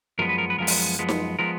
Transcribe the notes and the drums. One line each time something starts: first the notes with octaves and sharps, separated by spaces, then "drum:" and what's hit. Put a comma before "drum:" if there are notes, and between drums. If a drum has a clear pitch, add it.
F#2 F3 G#3 B3 A#4
B4
A#4
B4
F#2 F3 G#3 B3 A#4
drum: open hi-hat
F#2 F3 G#3 B3
drum: snare D#4
F3 G#3 B3 A#4